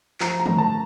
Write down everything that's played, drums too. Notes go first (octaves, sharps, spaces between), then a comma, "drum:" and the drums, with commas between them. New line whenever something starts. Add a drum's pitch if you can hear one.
F3 A#5, drum: clap
A#5
A2, drum: tom
A5